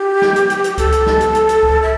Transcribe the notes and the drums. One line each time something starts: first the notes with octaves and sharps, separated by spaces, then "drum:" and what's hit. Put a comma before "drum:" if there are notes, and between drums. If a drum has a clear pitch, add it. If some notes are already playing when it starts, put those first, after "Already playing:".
Already playing: G4
drum: snare
drum: hi-hat
drum: hi-hat
drum: hi-hat
A4, drum: kick C#2, hi-hat
drum: hi-hat
drum: snare
drum: hi-hat
drum: hi-hat
drum: hi-hat
drum: kick C#2
E5